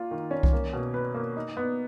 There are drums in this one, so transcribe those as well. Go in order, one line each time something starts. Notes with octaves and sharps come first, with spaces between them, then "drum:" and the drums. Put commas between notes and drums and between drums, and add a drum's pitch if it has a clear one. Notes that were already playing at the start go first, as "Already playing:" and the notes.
Already playing: A#3 F4
D#3
C#4
drum: kick C2
A#3
B2
B4
A#3
D#4
B3